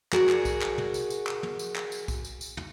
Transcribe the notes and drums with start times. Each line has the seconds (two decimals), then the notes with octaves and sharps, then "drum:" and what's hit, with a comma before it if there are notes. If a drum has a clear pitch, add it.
0.13 F#4 G#4 A#4 D5, drum: clap
0.29 drum: clap
0.45 drum: kick, tambourine
0.61 drum: clap
0.78 drum: tom
0.94 drum: tambourine
1.10 drum: tambourine
1.27 drum: clap
1.43 drum: tom
1.59 drum: tambourine
1.76 drum: clap
1.92 drum: tambourine
2.08 drum: kick, tambourine
2.25 drum: tambourine
2.41 drum: tambourine
2.57 drum: tom